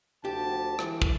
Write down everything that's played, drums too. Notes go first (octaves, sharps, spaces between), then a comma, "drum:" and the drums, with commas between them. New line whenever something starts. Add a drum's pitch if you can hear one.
D2 F3 F#4 G4 A5
E3, drum: rim click
drum: kick